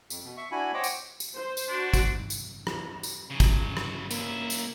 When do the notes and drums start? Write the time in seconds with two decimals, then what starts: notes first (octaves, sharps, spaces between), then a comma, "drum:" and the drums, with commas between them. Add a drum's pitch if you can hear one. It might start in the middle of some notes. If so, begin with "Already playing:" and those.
0.10 F2, drum: tambourine
0.24 B2
0.37 E5 C#6
0.52 D4 E4 F#4 G#5 B5
0.74 C5 C#5 D#5 F#5 G5 D6
0.84 drum: tambourine
1.20 drum: tambourine
1.36 C5
1.57 drum: tambourine
1.68 D4 F#4
1.94 drum: kick, tambourine
2.30 drum: tambourine
2.67 drum: rim click
3.03 drum: tambourine
3.30 C#3 F#3
3.40 drum: kick, tambourine
3.77 drum: rim click
4.11 C#2 A#3 E4, drum: tambourine
4.50 drum: tambourine